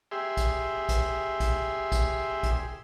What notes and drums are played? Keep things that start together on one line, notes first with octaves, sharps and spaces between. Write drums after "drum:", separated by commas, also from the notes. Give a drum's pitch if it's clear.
G4 G#4 E5 C6
drum: kick, hi-hat
drum: kick, hi-hat
drum: kick, hi-hat
drum: kick, hi-hat
drum: kick, hi-hat